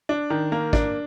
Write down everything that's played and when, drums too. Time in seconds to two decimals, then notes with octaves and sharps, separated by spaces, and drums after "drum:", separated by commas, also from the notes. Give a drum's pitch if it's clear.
0.09 D4
0.30 D#3
0.52 A#3
0.73 D4, drum: kick